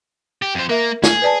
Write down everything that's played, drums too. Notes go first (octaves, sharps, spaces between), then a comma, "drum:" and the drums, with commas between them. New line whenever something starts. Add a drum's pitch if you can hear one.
G4
F2 C5
A#3 A#4 E5
G#4, drum: snare
B4 D5 A5